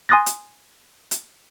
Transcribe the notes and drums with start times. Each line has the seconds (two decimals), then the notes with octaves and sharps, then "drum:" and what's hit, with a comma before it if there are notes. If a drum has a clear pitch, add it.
0.09 G#5 C6 D#6 F#6 A6 A#6
0.26 drum: hi-hat
1.11 drum: hi-hat